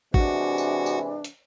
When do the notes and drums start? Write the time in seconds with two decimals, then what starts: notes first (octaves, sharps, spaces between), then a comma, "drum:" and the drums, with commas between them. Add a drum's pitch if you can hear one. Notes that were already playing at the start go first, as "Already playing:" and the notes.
0.14 C3 E3 G#3 D4 F#4, drum: kick
0.58 drum: tambourine
0.86 drum: tambourine
1.24 drum: hi-hat